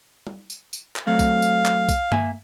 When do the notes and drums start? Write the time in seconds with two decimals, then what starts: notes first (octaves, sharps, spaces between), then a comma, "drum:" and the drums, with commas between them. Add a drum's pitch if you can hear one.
0.27 drum: tom G3
0.50 drum: tambourine
0.73 drum: tambourine
0.96 drum: clap
1.07 F#3 A3 C4 F5
1.19 drum: kick, tambourine
1.42 drum: tambourine
1.65 drum: clap
1.89 drum: kick, tambourine
2.12 A#3 E5 G#5, drum: tom G2